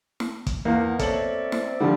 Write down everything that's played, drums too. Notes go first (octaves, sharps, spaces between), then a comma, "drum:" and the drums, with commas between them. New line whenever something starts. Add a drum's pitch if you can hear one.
drum: snare
drum: kick, hi-hat
E2 A#3 B3
C4 A4 C#5 D5 E5 F#7, drum: kick, hi-hat
drum: snare
D3 F3 G3